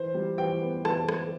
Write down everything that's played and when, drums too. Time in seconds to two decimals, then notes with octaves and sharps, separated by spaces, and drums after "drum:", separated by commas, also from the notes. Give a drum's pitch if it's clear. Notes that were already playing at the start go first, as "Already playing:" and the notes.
Already playing: E3 C5
0.14 G3
0.38 E3 G5
0.61 B3
0.85 E3 A5, drum: rim click
1.09 drum: rim click